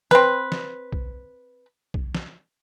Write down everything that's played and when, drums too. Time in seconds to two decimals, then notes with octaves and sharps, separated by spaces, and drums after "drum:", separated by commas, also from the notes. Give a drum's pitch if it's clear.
0.11 C4 B4, drum: snare
0.52 drum: snare
0.92 drum: kick B1
1.94 drum: kick B1
2.15 drum: snare